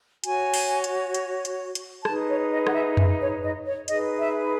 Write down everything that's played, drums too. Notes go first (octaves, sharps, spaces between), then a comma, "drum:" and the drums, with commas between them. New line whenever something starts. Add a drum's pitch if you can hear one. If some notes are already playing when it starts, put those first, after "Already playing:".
F#4 C#5 G#5, drum: hi-hat
drum: open hi-hat
drum: hi-hat
drum: hi-hat
drum: hi-hat
drum: hi-hat
D#4 G#4 B4 A5, drum: rim click
C#5
D#5
F#5, drum: rim click
E5
E5, drum: tom F2
C#5
D#5
C#5
D#4 G#4 B4 D#5, drum: hi-hat
E5